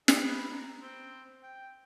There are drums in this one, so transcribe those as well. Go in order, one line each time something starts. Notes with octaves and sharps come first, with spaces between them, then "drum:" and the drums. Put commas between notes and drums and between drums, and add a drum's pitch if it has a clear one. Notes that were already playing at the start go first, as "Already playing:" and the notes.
D4 G#4 D#5, drum: snare
B4
A#5
C4
G5